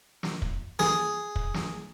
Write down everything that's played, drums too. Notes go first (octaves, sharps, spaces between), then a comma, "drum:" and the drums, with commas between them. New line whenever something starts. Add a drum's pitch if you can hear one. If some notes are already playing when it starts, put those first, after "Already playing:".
drum: snare
drum: kick
G#4, drum: snare
drum: kick
drum: snare